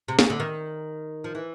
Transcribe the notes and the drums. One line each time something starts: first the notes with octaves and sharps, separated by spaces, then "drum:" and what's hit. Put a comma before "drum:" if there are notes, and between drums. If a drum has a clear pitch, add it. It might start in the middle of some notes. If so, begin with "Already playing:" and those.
C3
C#3, drum: snare
D3
D#3
F3
E3